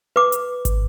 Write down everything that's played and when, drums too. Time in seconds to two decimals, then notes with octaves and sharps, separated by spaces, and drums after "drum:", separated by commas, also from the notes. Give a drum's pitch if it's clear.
0.16 B4 D6
0.32 drum: hi-hat
0.65 drum: kick G#1, hi-hat